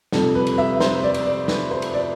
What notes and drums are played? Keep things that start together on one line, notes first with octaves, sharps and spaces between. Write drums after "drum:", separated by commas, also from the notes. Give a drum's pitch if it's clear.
F2 C3 G3 A4, drum: snare
B4
drum: cymbal
E5
C5, drum: snare
D5
drum: cymbal
D5
B4, drum: snare
C5
drum: cymbal
D5